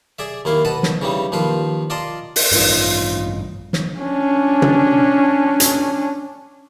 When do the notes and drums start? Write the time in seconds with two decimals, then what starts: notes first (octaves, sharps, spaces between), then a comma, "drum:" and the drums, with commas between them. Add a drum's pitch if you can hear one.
0.19 G#4 D5 E5
0.45 D#2 A#3 E4 F5
0.65 B4 D#5 F#5 A5
0.83 drum: snare
1.02 C#3 E3 G3 D#4
1.32 D#2 F3 B4 F5
1.90 F4 D5 D#5 A5 A#5 C6
2.36 drum: open hi-hat
2.52 A1 G2 C#4 D#4 F4, drum: open hi-hat
3.73 drum: snare
4.00 C#4 D4
4.62 drum: tom
5.60 drum: hi-hat